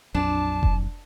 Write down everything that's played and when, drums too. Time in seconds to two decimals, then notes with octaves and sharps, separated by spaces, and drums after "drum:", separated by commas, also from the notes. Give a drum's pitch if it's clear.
0.14 A#1 F2 F#3 D4 A5
0.63 drum: kick F1